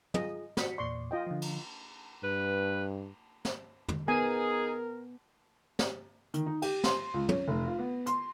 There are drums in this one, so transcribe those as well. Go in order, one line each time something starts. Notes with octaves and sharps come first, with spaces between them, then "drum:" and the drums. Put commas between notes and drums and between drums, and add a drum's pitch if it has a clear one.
F4 G#4 D#5, drum: tom
F#4 B6 C#7, drum: snare
E2 A#2 D5 C6 C#6
F4 D#5 G5
D3 F3
drum: cymbal
G2 B4
drum: snare
drum: tom
B3 D#4 G#4 A#4 G#5
drum: snare
D#3, drum: hi-hat
D#4
G4, drum: cymbal
C6, drum: snare
C#2
C#4, drum: tom
F1
F4
B3
C6, drum: hi-hat